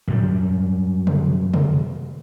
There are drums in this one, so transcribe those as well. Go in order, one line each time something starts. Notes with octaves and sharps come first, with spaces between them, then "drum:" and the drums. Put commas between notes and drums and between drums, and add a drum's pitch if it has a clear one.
F#2 G3, drum: tom
drum: tom
drum: tom